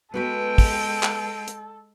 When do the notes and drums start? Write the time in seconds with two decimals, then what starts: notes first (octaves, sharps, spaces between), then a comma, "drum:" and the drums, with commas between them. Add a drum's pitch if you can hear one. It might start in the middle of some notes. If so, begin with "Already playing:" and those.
0.14 G#3 B3 F#4 A4 B4 G5
0.58 drum: kick, open hi-hat
1.03 drum: clap
1.48 drum: hi-hat